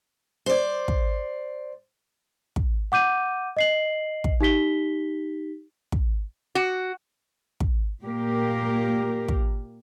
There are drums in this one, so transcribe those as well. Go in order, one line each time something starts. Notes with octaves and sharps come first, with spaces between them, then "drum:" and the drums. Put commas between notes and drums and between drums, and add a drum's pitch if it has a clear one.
C5 D5
drum: kick
drum: kick
F#5 D6 G6 D#7
D#5 C7 F#7
drum: kick
D#4 G4 B6 G7
drum: kick
F#4
drum: kick
A#2 A#3 G4 A#4
drum: kick